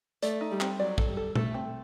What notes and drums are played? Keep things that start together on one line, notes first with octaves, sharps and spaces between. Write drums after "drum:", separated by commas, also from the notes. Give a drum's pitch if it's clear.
A3 D5, drum: hi-hat
D#4
G3
C4, drum: clap
F#3 D5
A4, drum: kick
G3
A4
A3 A4, drum: tom A#2
C4